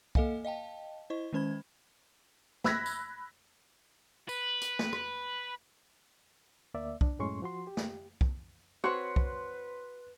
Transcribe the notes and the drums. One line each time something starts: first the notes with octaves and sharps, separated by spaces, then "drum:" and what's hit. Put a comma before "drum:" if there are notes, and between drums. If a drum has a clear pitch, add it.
A#3 A4 D#5 F5 G#5, drum: kick
D#5 F5 G5 A5
E4 C5 D#5 C#6
D#3 G#3 C#4 C5 B5 G#6
B5 E6 F#6 G#6 A#6 B6, drum: snare
drum: tambourine
B4, drum: tambourine
drum: hi-hat
drum: snare
drum: rim click
D2 A#3 D5 E5
D4, drum: kick
F#2 A2 G#3 C#4 C6 C#6
F3 F#4 C6
G4
drum: snare
drum: kick
C4 F#4 B4 C#5 C6 F#6 C#7
drum: kick